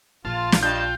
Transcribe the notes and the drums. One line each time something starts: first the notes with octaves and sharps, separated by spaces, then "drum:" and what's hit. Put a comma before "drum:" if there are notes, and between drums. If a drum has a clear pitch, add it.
A#1 F4 F5 A5
drum: snare
G2 F4 D#5 G5 A5 G6